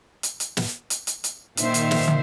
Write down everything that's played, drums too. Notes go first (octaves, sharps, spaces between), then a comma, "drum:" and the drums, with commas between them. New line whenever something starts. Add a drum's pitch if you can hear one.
drum: hi-hat
drum: hi-hat
drum: snare
drum: hi-hat
drum: hi-hat
drum: hi-hat
A#2 D#3 C5 E5, drum: hi-hat
drum: hi-hat
drum: snare
drum: tom